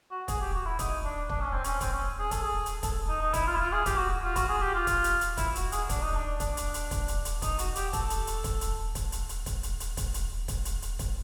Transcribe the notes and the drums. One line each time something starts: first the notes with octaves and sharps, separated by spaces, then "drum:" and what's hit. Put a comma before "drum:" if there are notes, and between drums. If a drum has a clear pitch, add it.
F#4
G#4, drum: kick, hi-hat
G4
F#4
E4
D#4, drum: kick, hi-hat
D4
D4, drum: kick
C#4
C4
C#4, drum: hi-hat
C4, drum: kick, hi-hat
C#4
G#4
A4, drum: kick, hi-hat
G#4
drum: hi-hat
A4, drum: kick, hi-hat
D#4
D#4
E4, drum: kick, hi-hat
F4
E4
F4
G#4
G4, drum: kick, hi-hat
F#4
F4
F#4, drum: kick, hi-hat
G#4
G4
F4
drum: kick, hi-hat
drum: hi-hat
drum: hi-hat
E4, drum: kick, hi-hat
F#4, drum: hi-hat
G#4, drum: hi-hat
D4, drum: kick, hi-hat
D#4
D4
D4, drum: kick, hi-hat
drum: hi-hat
drum: hi-hat
drum: kick, hi-hat
drum: hi-hat
drum: hi-hat
D#4, drum: kick, hi-hat
F#4, drum: hi-hat
G4, drum: hi-hat
A4, drum: kick, hi-hat
drum: hi-hat
drum: hi-hat
drum: kick, hi-hat
drum: hi-hat
drum: kick, hi-hat
drum: hi-hat
drum: hi-hat
drum: kick, hi-hat
drum: hi-hat
drum: hi-hat
drum: kick, hi-hat
drum: hi-hat
drum: kick, hi-hat
drum: hi-hat
drum: hi-hat
drum: kick, hi-hat